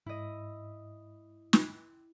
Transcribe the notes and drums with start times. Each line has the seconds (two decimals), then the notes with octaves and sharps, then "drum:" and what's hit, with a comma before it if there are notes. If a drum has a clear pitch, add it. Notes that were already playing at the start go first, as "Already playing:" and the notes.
0.06 G#2 E4 D#5
1.53 drum: snare